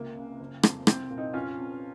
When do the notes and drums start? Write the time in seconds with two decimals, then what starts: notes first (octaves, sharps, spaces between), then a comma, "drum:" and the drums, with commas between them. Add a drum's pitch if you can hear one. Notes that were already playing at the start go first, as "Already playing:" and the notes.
Already playing: C#2 C3 A#3
0.16 C#3
0.40 F#1
0.63 F2, drum: rim click
0.87 C2 C4, drum: rim click
1.10 A#2
1.18 C4 D#4
1.33 F1 C#4 F4
1.58 F2